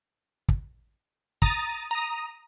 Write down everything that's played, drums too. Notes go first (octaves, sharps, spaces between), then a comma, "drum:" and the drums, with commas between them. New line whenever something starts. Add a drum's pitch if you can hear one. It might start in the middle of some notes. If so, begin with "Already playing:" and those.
drum: kick
A#5 D#6 A6 D#7, drum: kick
A#5 D#6